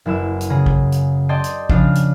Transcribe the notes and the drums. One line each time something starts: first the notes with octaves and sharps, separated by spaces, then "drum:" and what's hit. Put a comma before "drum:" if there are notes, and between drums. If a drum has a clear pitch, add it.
F#1 E4 B4 E6
drum: hi-hat
C#3 G#4 A#5 D#6
drum: kick
drum: hi-hat
D5 D#5 G5 A5 C6 G#6
drum: hi-hat
C#3 F3 D4 F4 F5 C7, drum: kick
drum: hi-hat